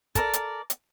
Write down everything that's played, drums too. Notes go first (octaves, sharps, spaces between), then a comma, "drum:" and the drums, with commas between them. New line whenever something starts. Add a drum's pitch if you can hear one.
A4 A#4 D5, drum: kick, hi-hat
drum: hi-hat
drum: hi-hat